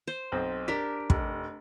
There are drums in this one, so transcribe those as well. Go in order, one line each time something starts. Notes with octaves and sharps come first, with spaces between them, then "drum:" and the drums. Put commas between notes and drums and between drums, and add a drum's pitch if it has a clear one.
C5
B1 C4 D#5
D4 G4 A#4 B6
F1, drum: kick